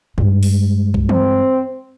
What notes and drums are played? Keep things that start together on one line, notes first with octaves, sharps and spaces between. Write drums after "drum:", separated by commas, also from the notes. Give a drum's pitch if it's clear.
G2 G#3, drum: tom G#2
drum: open hi-hat
drum: kick B1
C4, drum: tom E3